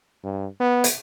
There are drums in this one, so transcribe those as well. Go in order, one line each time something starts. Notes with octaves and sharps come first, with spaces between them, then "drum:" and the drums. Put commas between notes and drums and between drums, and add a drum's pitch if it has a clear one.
G2
B3
drum: hi-hat